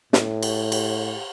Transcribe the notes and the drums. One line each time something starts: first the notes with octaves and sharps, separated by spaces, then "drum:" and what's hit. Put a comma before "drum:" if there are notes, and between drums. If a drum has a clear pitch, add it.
A2, drum: snare
drum: cymbal
drum: cymbal